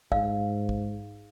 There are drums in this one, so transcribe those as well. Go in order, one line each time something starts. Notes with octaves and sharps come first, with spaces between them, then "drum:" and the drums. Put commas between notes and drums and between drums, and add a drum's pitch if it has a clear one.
G#2 F5, drum: kick
drum: kick